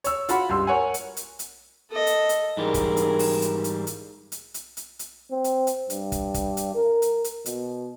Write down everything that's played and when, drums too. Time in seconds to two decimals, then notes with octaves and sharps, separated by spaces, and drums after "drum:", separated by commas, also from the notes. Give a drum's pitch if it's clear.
0.04 C#5 E6, drum: hi-hat
0.29 F4 F#4 F#5 B5, drum: hi-hat
0.49 C#2 G2 C6 E6
0.67 A#4 C#5 F#5 G#5
0.94 drum: hi-hat
1.17 drum: hi-hat
1.39 drum: hi-hat
1.91 A4 D#5
2.07 drum: hi-hat
2.29 drum: hi-hat
2.57 G#2 E3 G3 G#4 A#4
2.74 drum: kick, hi-hat
2.97 drum: hi-hat
3.19 drum: open hi-hat
3.42 drum: hi-hat
3.64 drum: hi-hat
3.87 drum: hi-hat
4.32 drum: hi-hat
4.54 drum: hi-hat
4.77 drum: hi-hat
4.99 drum: hi-hat
5.31 C4
5.44 drum: hi-hat
5.67 drum: hi-hat
5.90 G2, drum: hi-hat
6.12 drum: kick, hi-hat
6.34 drum: kick, hi-hat
6.57 drum: hi-hat
6.74 A#4
7.02 drum: hi-hat
7.24 drum: hi-hat
7.46 B2, drum: hi-hat